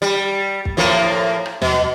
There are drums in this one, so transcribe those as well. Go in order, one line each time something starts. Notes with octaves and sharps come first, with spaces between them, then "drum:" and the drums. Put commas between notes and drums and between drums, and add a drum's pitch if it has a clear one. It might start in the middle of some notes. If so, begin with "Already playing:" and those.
G3
drum: kick
A2 F3 A#3
drum: rim click
B2, drum: tom D#2